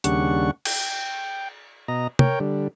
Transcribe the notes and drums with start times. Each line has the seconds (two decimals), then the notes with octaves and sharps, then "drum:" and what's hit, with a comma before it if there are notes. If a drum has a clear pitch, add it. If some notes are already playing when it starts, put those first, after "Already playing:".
0.04 D#2 C#3 G3 D4 F#5 C#6, drum: hi-hat
0.65 G5, drum: cymbal
1.88 B2 D#5 A#5
2.19 A#4 C#5 G5, drum: tom
2.40 D3 G3